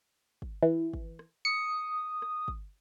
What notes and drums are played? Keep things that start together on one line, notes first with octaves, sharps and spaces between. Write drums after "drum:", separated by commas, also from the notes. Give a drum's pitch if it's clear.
drum: kick
E3
drum: kick
drum: rim click
D#6 C#7
drum: rim click
drum: kick